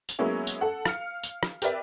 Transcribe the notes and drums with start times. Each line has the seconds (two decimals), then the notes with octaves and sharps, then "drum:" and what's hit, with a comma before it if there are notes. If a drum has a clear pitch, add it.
0.09 drum: tambourine
0.19 F#3 G#3 A#3 B3 C#4 E4
0.47 drum: tambourine
0.61 A4 F#5
0.85 F5 F6 C#7, drum: rim click
1.24 drum: tambourine
1.43 drum: rim click
1.62 G4 A#4 B4 D5 E5, drum: tambourine